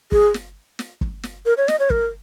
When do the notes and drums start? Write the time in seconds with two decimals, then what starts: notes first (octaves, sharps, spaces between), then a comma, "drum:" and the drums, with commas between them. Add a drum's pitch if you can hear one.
0.12 G#4, drum: kick
0.34 drum: snare
0.79 drum: snare
1.01 drum: kick
1.23 drum: snare
1.46 A#4
1.57 C#5
1.68 D#5, drum: snare
1.80 C#5
1.90 A#4, drum: kick